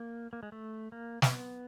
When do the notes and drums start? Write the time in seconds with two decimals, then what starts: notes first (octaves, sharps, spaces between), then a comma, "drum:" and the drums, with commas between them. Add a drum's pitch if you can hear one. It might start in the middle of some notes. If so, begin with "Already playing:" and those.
Already playing: A#3
0.33 A#3
0.43 G#3
0.52 A3
0.92 A#3
1.22 B3, drum: snare